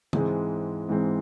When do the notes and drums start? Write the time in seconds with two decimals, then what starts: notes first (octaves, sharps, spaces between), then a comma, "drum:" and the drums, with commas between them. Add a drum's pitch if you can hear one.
0.13 G#2 E3 G#3 C4, drum: tom
0.89 G#2 E3 G#3 C4